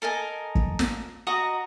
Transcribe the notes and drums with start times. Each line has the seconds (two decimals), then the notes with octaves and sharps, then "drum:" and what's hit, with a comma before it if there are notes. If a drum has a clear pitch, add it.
0.02 A4 A#4 D#5 G#5
0.55 drum: kick
0.79 drum: snare
1.27 F#4 D#5 A#5 D#6